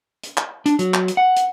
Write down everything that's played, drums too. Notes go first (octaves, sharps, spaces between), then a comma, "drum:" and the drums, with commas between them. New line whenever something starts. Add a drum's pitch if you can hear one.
drum: hi-hat
drum: clap
D4, drum: hi-hat
F#3, drum: hi-hat
drum: clap
drum: hi-hat
F#5
drum: hi-hat